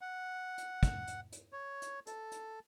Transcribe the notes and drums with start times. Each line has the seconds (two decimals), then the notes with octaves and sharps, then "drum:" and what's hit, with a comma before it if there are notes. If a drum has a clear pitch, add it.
0.01 F#5
0.58 drum: hi-hat
0.83 drum: kick, hi-hat
1.07 drum: hi-hat
1.32 drum: hi-hat
1.53 C#5
1.82 drum: hi-hat
2.07 A4, drum: hi-hat
2.32 drum: hi-hat